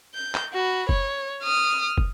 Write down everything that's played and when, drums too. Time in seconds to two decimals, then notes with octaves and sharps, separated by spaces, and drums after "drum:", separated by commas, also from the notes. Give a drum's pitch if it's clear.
0.15 G6
0.35 drum: clap
0.53 F#4 B5
0.89 C#5, drum: kick
1.43 D#6 F6
1.98 drum: kick